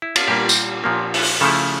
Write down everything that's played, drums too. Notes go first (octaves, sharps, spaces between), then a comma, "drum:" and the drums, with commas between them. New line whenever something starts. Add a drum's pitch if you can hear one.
E4
F4, drum: cymbal
A#2 G3 A#3 G4
drum: tambourine
A#2 F3 A#3
drum: open hi-hat
C#3 F3 A3 E4 A4